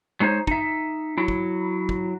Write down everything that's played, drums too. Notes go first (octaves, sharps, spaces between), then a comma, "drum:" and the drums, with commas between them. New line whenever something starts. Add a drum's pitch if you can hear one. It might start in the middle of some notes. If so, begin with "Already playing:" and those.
F#3 G#3 D#4 C5 C#5
D#4 E5, drum: kick
F#3 E4
drum: kick
drum: kick